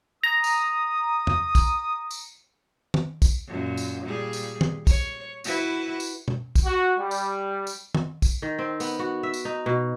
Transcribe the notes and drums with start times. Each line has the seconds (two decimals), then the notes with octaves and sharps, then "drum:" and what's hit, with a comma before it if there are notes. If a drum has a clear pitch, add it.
0.23 A#5 D#6
0.44 drum: tambourine
1.27 drum: tom E2
1.55 drum: kick, tambourine
2.11 drum: tambourine
2.94 drum: tom
3.22 drum: kick, tambourine
3.47 F#2 A#2
3.77 drum: tambourine
4.05 A#2 G3 G#4
4.33 drum: tambourine
4.61 drum: tom
4.87 C#5, drum: kick, tambourine
5.44 E4 F#4 B4, drum: tambourine
6.00 drum: tambourine
6.28 drum: tom B2
6.55 drum: kick, tambourine
6.65 F#4
6.98 G3
7.11 drum: tambourine
7.67 drum: tambourine
7.95 drum: tom
8.22 drum: kick, tambourine
8.42 D#3
8.59 C4
8.80 B3, drum: tambourine
8.99 F#4
9.23 E5
9.34 drum: tambourine
9.45 D#4
9.66 B2